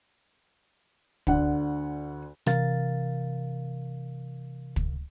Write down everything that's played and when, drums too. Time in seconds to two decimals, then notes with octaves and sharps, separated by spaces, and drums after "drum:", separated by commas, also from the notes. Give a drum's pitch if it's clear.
1.27 D2 D3 F#5, drum: kick
2.46 C3 E3 A#4 F5 A6, drum: rim click
4.76 drum: kick